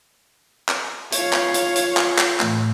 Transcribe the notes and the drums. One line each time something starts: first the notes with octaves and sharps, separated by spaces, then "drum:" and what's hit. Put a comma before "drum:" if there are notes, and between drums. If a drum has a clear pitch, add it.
drum: clap
F4 C#5 F5, drum: hi-hat
drum: clap
drum: hi-hat
drum: hi-hat
drum: clap
drum: clap
A2 E3 A3, drum: clap